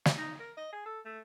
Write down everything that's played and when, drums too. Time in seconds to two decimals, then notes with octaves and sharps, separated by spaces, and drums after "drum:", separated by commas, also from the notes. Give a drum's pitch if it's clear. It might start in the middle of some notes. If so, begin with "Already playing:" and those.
0.05 drum: snare
0.18 D#4
0.40 A#4
0.57 D#5
0.72 G#4
0.86 A4
1.05 A3